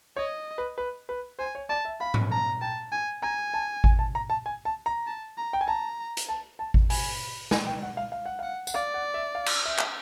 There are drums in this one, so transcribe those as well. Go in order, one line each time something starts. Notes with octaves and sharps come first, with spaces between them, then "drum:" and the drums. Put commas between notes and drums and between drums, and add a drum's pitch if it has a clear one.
C#5 D#5
B4
B4
B4
C5 G#5
C#5
D5 A5
E5
F5 B5
drum: tom G#2
A5 A#5
G5 A5
G#5
G#5 A#5
A5
G#5, drum: kick G#1
A5
A#5
A5
G#5
A5
A#5
A5
A#5
G5
G#5
A5 A#5
drum: hi-hat
A5
A5
drum: kick G#1
G#5 B5, drum: open hi-hat
G#5, drum: snare
G5
F#5
F5
F5
F#5
F5 F#5
F#5, drum: tambourine
D5 F5
F#5
E5
F5
drum: cymbal
E5
drum: clap